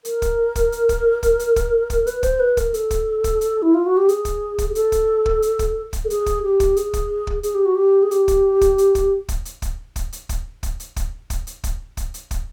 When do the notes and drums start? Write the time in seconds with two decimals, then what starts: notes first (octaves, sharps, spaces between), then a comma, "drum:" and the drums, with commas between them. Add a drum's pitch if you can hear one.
0.05 A#4, drum: hi-hat
0.22 drum: kick, hi-hat
0.55 drum: kick, hi-hat
0.72 drum: hi-hat
0.89 drum: kick, hi-hat
1.23 drum: kick, hi-hat
1.39 drum: hi-hat
1.56 drum: kick, hi-hat
1.90 drum: kick, hi-hat
2.07 B4, drum: hi-hat
2.23 C5, drum: kick, hi-hat
2.40 B4
2.57 A#4, drum: kick, hi-hat
2.74 A4, drum: hi-hat
2.91 drum: kick, hi-hat
3.24 drum: kick, hi-hat
3.41 drum: hi-hat
3.62 E4
3.74 F4
3.86 F#4
3.97 G4
4.09 G#4, drum: hi-hat
4.25 drum: kick, hi-hat
4.58 drum: kick, hi-hat
4.70 G#4
4.75 A4, drum: hi-hat
4.92 drum: kick, hi-hat
5.26 drum: kick
5.42 drum: hi-hat
5.59 drum: kick, hi-hat
5.93 drum: kick, hi-hat
6.05 A4
6.10 G#4, drum: hi-hat
6.26 drum: kick, hi-hat
6.43 G4
6.60 drum: kick, hi-hat
6.77 G#4, drum: hi-hat
6.93 drum: kick, hi-hat
7.27 drum: kick
7.43 G#4, drum: hi-hat
7.55 G4
7.66 F#4
7.75 G4
8.03 G#4
8.11 G4, drum: hi-hat
8.28 drum: kick, hi-hat
8.61 drum: kick, hi-hat
8.78 drum: hi-hat
8.95 drum: kick, hi-hat
9.29 drum: kick, hi-hat
9.45 drum: hi-hat
9.62 drum: kick, hi-hat
9.96 drum: kick, hi-hat
10.12 drum: hi-hat
10.29 drum: kick, hi-hat
10.63 drum: kick, hi-hat
10.80 drum: hi-hat
10.96 drum: kick, hi-hat
11.30 drum: kick, hi-hat
11.47 drum: hi-hat
11.64 drum: kick, hi-hat
11.97 drum: kick, hi-hat
12.14 drum: hi-hat
12.31 drum: kick, hi-hat